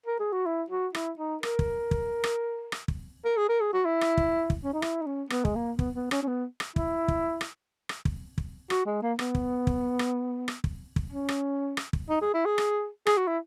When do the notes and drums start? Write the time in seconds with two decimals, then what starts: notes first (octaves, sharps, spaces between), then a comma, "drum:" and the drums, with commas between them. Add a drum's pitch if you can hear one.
0.06 A#4
0.19 G#4
0.33 F#4
0.46 E4
0.70 F#4
0.95 E4, drum: rim click
1.19 D#4
1.43 A#4, drum: rim click
1.59 drum: kick
1.91 drum: kick
2.24 drum: rim click
2.72 drum: rim click
2.88 drum: kick
3.25 A#4
3.37 G#4
3.49 A#4
3.61 G#4
3.73 F#4
3.85 E4
4.01 drum: rim click
4.17 drum: kick
4.50 drum: kick
4.64 C#4
4.73 D#4
4.82 E4, drum: rim click
5.02 D#4
5.06 C#4
5.30 B3, drum: rim click
5.45 G#3, drum: kick
5.55 A#3
5.79 B3, drum: kick
5.95 B3
6.11 C#4, drum: rim click
6.22 C#4
6.28 B3
6.60 drum: rim click
6.76 E4, drum: kick
7.08 drum: kick
7.41 drum: rim click
7.89 drum: rim click
8.05 drum: kick
8.38 drum: kick
8.70 F#4, drum: rim click
8.86 G#3
9.02 A#3
9.19 B3, drum: rim click
9.35 drum: kick
9.67 drum: kick
9.99 drum: rim click
10.48 drum: rim click
10.64 drum: kick
10.96 drum: kick
11.12 C#4
11.29 drum: rim click
11.77 drum: rim click
11.93 drum: kick
12.09 D#4
12.21 G#4
12.34 E4
12.45 G#4
12.58 drum: rim click
13.07 G#4, drum: rim click
13.17 F#4
13.27 E4